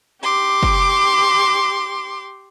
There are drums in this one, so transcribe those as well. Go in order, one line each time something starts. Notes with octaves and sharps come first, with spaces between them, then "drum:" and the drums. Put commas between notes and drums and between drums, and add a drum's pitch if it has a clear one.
G4 C6 D6
drum: kick